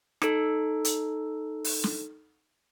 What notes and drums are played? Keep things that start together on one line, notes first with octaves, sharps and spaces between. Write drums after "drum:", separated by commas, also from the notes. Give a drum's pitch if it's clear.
D#4 A4, drum: rim click
drum: hi-hat
drum: open hi-hat
drum: snare